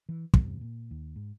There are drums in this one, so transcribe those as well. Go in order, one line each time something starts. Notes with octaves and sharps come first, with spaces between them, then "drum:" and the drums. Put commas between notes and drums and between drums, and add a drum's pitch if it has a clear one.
E3
E2 G2 C3, drum: kick
A#2
D#2
G#2